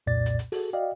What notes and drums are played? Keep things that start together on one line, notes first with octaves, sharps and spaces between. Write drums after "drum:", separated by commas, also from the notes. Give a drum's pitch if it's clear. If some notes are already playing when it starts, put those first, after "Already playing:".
C2 F2 A#2 D5 A6
drum: hi-hat
drum: hi-hat
F#4 G#4 A4, drum: open hi-hat
F#4 D5 D#5 F5 G5